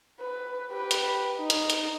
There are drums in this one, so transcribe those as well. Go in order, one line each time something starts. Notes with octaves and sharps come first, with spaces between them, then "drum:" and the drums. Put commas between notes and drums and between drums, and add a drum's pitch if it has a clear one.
B4
G4 B4
drum: hi-hat
D#4
drum: hi-hat
drum: hi-hat